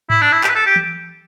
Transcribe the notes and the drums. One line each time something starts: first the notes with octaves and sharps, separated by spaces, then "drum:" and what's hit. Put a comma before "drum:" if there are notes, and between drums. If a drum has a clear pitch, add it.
E4, drum: tom G#2
D4
E4
G4, drum: clap
B4
A4
G4
drum: tom E3